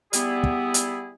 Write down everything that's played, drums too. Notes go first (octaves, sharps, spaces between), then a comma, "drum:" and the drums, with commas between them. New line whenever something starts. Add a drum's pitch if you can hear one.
G3 B3 E4 G#4, drum: hi-hat
drum: kick
drum: hi-hat